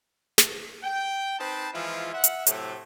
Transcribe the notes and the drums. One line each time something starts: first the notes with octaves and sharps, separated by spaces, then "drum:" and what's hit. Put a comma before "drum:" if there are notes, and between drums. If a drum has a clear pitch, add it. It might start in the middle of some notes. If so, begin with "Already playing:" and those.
drum: snare
G5
C4 D#4 B4 C5 A5
E3 F3 G#3 E4 F4
E5 F#5
drum: hi-hat
A2 C3 F#3 A3, drum: hi-hat